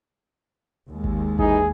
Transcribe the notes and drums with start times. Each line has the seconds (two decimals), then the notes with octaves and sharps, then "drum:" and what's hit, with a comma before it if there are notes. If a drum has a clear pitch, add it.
0.91 D#2 G#3
1.04 drum: kick G#1
1.39 E3 D#4 G#4, drum: kick G#1